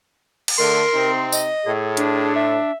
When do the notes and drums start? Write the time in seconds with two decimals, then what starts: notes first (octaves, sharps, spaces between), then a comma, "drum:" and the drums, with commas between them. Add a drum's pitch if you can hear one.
0.48 drum: cymbal
0.58 D3 A3 A#4 C6
0.94 C3 C4 D#4
1.32 D#5, drum: tambourine
1.66 A2 G#4
1.97 D4, drum: hi-hat
2.36 E5